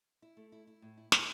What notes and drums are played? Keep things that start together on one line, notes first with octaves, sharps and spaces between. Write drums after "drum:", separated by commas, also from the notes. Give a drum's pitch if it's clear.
E4
A3
E4
E4
A2
E4
E4, drum: snare